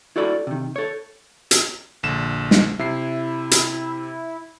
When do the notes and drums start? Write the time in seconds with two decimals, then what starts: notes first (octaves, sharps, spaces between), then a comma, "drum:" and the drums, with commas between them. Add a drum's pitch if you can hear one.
0.16 E4 F#4 A4 D5 B5
0.47 C3 D#3
0.76 A4 C#5
1.51 drum: hi-hat
2.03 A#1 D3 E7
2.51 drum: snare
2.79 C3 E4 C7
3.51 drum: hi-hat